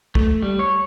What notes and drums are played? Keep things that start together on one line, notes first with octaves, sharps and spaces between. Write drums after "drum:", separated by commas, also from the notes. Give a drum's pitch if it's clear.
A3, drum: kick
G3
C#5